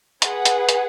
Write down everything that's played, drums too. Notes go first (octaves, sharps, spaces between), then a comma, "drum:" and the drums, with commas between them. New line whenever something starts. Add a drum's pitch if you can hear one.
G#4 B4 F#5, drum: hi-hat
drum: hi-hat
drum: hi-hat